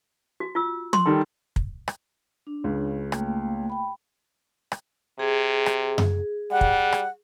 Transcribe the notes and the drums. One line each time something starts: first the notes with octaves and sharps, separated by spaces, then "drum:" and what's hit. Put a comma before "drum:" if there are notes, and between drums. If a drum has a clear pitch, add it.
F#4
F4 E6
C6, drum: tom
D#3 G3 A4
drum: kick
drum: rim click
D4
C#2 C#3
A3 A#3 G5, drum: rim click
G5 B5
drum: rim click
C3 G#4
drum: rim click
drum: tom F#2
G3 F#5
drum: kick
drum: rim click